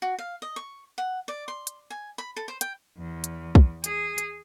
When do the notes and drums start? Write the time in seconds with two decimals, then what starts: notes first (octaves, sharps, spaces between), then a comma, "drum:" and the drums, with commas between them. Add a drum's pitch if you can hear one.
0.02 F#4
0.19 F5
0.42 D#5
0.56 C#6
0.98 F#5
1.28 D5
1.48 C6
1.67 drum: hi-hat
1.90 G#5
2.18 B5
2.36 A4
2.48 C5
2.61 G5, drum: hi-hat
2.98 E2
3.24 drum: hi-hat
3.55 drum: kick
3.84 G#4, drum: hi-hat
4.18 drum: hi-hat